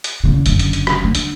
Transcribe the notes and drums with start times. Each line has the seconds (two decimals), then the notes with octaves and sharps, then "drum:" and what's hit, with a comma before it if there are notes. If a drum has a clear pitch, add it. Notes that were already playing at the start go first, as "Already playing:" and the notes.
0.04 drum: hi-hat
0.24 E2 C#3
0.46 F#1 D3, drum: hi-hat
0.59 drum: hi-hat
0.73 drum: hi-hat
0.87 drum: rim click
1.04 D3
1.15 drum: hi-hat